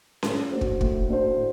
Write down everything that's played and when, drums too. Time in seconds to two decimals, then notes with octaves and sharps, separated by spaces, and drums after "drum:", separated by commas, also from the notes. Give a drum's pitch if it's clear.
0.23 A2, drum: snare C#4
0.51 A3 D4 F#4 C5
0.61 drum: kick
0.81 A2, drum: kick
1.09 A3 D4 F#4 C5
1.37 A2